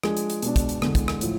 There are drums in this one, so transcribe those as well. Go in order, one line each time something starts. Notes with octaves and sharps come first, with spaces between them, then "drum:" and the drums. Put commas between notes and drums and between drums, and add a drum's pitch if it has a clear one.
F3 G#3 D4 G#4, drum: rim click
drum: hi-hat
drum: hi-hat
B2 G#3 D4, drum: hi-hat
drum: kick, hi-hat
drum: hi-hat
E2 D3 G#3, drum: rim click
drum: kick, hi-hat
drum: rim click
A2 F3, drum: hi-hat